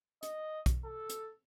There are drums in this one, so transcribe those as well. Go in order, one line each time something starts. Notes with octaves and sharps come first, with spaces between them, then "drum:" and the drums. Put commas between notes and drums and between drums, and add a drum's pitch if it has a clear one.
D#5, drum: hi-hat
drum: kick, hi-hat
A4
drum: hi-hat